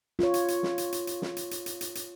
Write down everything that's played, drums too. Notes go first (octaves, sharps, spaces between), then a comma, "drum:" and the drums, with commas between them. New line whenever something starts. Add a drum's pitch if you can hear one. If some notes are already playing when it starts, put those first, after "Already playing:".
F4 C#5, drum: snare
drum: hi-hat
drum: hi-hat
drum: snare
drum: hi-hat
drum: hi-hat
drum: hi-hat
drum: snare
drum: hi-hat
drum: hi-hat
drum: hi-hat
drum: hi-hat
drum: hi-hat